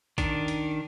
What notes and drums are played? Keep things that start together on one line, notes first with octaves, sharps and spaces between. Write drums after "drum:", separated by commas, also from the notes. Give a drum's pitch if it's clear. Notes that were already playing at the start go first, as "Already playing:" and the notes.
D#3 D4, drum: kick, hi-hat
drum: hi-hat